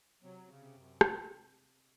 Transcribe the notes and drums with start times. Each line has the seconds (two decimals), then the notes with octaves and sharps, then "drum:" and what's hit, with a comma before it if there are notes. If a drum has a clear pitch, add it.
0.22 C3 F#3
0.48 C#3
0.62 C3
0.75 F#2
1.01 C4, drum: rim click